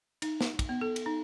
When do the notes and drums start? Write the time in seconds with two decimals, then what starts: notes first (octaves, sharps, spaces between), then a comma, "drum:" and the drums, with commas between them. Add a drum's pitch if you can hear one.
0.22 D#4, drum: cymbal
0.41 drum: snare
0.59 drum: kick, cymbal
0.69 B3
0.81 A4
0.96 drum: cymbal
1.06 D#4